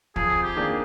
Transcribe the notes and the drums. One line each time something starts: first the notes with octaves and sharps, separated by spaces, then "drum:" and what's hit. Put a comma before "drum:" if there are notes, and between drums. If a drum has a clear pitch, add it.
F2 G#4, drum: kick
G4
D#3 A#3 D4 G#4